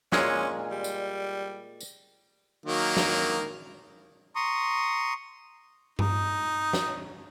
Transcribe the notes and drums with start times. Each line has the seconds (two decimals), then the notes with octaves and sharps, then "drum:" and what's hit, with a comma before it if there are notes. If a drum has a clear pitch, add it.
0.12 A#2 G#3 C#4, drum: snare
0.71 G3
0.84 drum: tambourine
1.80 drum: tambourine
2.66 D#3 F#3 A#3
2.97 drum: snare
4.36 A#5 C6 C#6 D#6
5.99 D#4, drum: tom G2
6.73 drum: snare